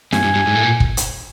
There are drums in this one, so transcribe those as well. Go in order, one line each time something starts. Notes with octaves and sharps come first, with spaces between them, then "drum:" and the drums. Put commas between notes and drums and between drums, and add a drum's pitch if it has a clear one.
G2 G#5, drum: snare
G2
G2
G#2
A2
A#2
drum: kick
drum: hi-hat